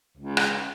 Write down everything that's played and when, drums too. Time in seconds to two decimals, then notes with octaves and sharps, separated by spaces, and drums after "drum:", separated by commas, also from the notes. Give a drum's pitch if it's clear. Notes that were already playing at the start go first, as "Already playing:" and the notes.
0.17 C#2
0.37 drum: rim click